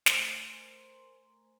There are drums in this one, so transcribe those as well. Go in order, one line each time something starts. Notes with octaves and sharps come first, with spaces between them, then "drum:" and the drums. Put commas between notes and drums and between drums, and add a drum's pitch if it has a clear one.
A3 A#4 C5 G#5 A#5 C6, drum: snare